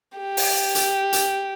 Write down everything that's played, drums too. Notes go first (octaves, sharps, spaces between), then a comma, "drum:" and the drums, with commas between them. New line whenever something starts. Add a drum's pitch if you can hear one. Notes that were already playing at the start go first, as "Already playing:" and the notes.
G4
drum: open hi-hat
drum: hi-hat
drum: hi-hat